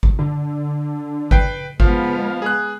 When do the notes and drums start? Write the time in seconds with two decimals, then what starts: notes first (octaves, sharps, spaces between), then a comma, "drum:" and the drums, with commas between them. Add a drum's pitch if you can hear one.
0.03 drum: kick
0.19 D3
1.31 B4 G5 C7, drum: kick
1.80 F3 G#3 B3 F5, drum: kick
2.42 G#4 F#6